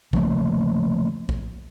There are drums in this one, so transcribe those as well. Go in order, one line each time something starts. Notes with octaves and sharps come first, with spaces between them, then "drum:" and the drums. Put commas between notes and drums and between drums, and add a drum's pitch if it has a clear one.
C#3 F3 A3 A#3, drum: kick A#1
drum: kick A#1